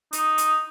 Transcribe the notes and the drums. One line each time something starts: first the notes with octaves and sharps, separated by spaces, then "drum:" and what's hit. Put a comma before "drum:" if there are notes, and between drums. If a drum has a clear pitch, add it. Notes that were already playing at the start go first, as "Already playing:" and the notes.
D#4, drum: hi-hat
drum: hi-hat